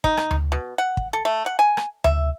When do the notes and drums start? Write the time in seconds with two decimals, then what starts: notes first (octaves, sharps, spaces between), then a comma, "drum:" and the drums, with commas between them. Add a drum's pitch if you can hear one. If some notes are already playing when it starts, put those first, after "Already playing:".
0.04 D#4, drum: kick
0.17 drum: rim click
0.31 drum: tom D2
0.52 B2
0.78 F#5
0.97 drum: kick
1.13 A4
1.25 A3
1.46 F#5
1.59 G#5
1.77 drum: rim click
2.04 E5, drum: tom D2